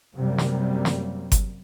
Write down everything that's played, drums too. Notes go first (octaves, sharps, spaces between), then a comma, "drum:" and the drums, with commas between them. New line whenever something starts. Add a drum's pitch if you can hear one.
F#2 C3 F#3 G3 A#3
drum: snare
drum: snare
drum: kick G1, hi-hat